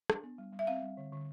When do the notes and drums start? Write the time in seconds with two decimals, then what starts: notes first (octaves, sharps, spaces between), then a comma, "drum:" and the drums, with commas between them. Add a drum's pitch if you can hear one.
0.10 D4, drum: rim click
0.23 B3
0.38 G3
0.53 G3
0.59 E5
0.67 C4 F5
0.82 G3
0.97 D3
1.12 D3